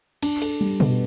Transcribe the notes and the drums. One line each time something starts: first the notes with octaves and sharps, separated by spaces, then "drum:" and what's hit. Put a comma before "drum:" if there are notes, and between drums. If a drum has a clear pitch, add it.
D4, drum: cymbal
A4, drum: cymbal
G3
B2, drum: tom B2